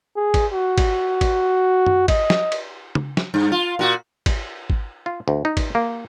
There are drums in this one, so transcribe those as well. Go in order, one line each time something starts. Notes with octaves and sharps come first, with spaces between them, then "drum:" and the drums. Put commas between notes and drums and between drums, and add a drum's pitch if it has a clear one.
G#4
drum: kick, cymbal
F#4
drum: kick, cymbal
drum: kick, cymbal
drum: tom F#2
D#5, drum: kick, cymbal
drum: snare
drum: cymbal
drum: tom
drum: snare
G2
F4
A#2 F#4
drum: kick, cymbal
drum: kick
F4
D2
D#4
drum: kick, cymbal
A#3